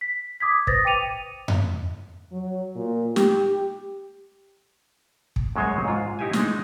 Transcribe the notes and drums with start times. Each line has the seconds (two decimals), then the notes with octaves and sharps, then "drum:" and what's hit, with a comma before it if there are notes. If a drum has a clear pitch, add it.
0.01 B6
0.40 D6 D#6 G#6 B6
0.67 B4 C5 D#6 A6 A#6, drum: kick
0.85 G5 D6 C#7 D#7 F7
1.48 drum: tom F2
2.32 F#3
2.75 A#2
3.16 G4, drum: snare
5.36 drum: kick
5.56 F#2 F#3 G#3 C5 C#5 G#5
5.85 G#2 F4
6.19 D#4 E4 G4 C5 G#5
6.33 G#3 D4 D#4, drum: snare